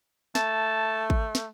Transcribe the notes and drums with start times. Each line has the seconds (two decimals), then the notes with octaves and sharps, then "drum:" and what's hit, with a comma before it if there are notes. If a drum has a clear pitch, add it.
0.35 A3 A5, drum: snare
1.10 drum: kick G#1
1.35 drum: snare